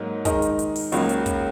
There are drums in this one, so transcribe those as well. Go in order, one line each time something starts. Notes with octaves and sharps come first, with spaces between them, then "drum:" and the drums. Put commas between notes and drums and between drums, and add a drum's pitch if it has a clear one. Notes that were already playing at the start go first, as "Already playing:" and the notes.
Already playing: G#2 F#3 A#3 D#4
D#3 G#3 D#4 A#4, drum: kick, hi-hat
drum: hi-hat
drum: hi-hat
drum: open hi-hat
C#2 C#3 F#3 A#3, drum: hi-hat
drum: hi-hat
drum: kick, hi-hat